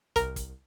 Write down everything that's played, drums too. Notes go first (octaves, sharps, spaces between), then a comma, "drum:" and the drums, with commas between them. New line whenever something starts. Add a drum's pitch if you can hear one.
C2 A#4, drum: kick, hi-hat
drum: kick, hi-hat